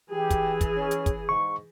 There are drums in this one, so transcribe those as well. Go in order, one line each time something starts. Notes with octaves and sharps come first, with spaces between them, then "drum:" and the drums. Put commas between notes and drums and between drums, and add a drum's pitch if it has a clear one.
E3 G4 G#4
drum: kick, hi-hat
drum: kick, hi-hat
C#4
drum: hi-hat
drum: kick, hi-hat
G#2 C#6